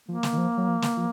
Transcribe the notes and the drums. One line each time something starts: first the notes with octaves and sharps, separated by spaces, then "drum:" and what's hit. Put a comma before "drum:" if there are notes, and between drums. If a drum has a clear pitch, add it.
F3 A#3
drum: snare
D#3
F3
F#3
F3
drum: snare
F3